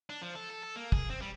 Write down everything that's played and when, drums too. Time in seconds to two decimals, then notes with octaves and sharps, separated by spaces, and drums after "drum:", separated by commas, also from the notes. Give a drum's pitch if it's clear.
0.09 D4
0.22 F3
0.35 A4
0.50 A4
0.63 A4
0.76 A#3
0.92 G#4, drum: kick
1.10 C4
1.22 G3